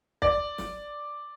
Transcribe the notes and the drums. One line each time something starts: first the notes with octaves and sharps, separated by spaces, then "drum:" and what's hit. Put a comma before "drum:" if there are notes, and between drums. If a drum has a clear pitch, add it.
D5, drum: kick
drum: snare